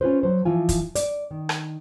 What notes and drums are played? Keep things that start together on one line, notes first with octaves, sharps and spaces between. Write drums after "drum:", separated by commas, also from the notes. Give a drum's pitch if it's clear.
C#4 F4 B4 C5
F#3 C5
E3 F3 F4 G#5
drum: kick, hi-hat
D5, drum: hi-hat
D#3
drum: rim click